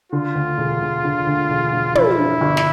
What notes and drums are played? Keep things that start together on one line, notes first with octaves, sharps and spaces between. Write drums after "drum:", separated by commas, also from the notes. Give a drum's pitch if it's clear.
D3 F4
D2
E1
E1
D3
D2
E1
E1
F3 E4, drum: tom
G2
G1
drum: snare